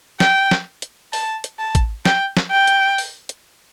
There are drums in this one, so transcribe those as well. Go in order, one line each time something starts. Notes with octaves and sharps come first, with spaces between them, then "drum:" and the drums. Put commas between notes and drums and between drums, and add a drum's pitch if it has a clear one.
G5, drum: snare
drum: snare
drum: hi-hat
A5, drum: open hi-hat
drum: hi-hat
A5
drum: kick, hi-hat
G5, drum: snare
drum: snare
G5
drum: hi-hat
drum: open hi-hat
drum: hi-hat